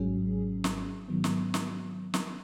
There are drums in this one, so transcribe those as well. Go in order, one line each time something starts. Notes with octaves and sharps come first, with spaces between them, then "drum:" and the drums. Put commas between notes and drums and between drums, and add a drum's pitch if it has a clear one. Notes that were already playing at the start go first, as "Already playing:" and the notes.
Already playing: G#1 G#2 F#3 C#4 G#4
drum: snare
G#2 D#3 F#3 B3
drum: snare
drum: snare
drum: snare